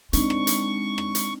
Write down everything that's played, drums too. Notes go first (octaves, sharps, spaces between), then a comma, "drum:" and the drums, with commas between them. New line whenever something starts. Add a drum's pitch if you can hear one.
G#3 C4 D4 D#4 C#6, drum: hi-hat
drum: rim click
drum: hi-hat
drum: rim click
drum: hi-hat